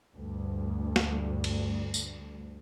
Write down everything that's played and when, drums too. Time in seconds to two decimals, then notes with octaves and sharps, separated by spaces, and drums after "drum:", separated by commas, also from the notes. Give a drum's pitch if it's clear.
0.17 D2 G2
0.96 drum: snare
1.44 drum: cymbal
1.94 drum: tambourine